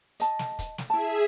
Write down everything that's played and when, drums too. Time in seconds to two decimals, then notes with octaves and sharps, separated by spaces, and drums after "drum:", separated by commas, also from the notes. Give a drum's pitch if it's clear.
0.20 D#5 A5, drum: hi-hat
0.39 drum: snare
0.59 drum: kick, hi-hat
0.78 drum: snare
0.90 E4 G#4 E5 A5